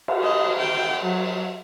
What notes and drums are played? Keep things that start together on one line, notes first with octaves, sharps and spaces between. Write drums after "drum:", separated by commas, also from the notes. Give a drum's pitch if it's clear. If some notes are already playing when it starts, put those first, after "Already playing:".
drum: cymbal
D#5
G5
F#3